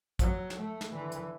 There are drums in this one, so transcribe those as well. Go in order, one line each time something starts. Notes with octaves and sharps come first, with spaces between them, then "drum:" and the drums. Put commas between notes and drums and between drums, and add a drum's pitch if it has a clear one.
F#3, drum: kick A1, hi-hat
drum: snare
A3
drum: snare
D3 E3
drum: hi-hat